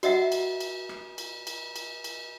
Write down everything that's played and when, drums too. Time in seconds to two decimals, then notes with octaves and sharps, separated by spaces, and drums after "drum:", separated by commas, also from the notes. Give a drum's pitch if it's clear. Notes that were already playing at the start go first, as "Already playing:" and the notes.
0.03 F#4 D#5 E5 F#5, drum: cymbal
0.32 drum: cymbal
0.60 drum: cymbal
0.89 drum: rim click
1.18 drum: cymbal
1.47 drum: cymbal
1.76 drum: cymbal
2.04 drum: cymbal